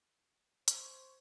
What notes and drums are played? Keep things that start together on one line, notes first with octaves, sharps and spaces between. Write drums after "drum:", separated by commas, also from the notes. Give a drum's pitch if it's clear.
C5 C#6 G#6 F7, drum: hi-hat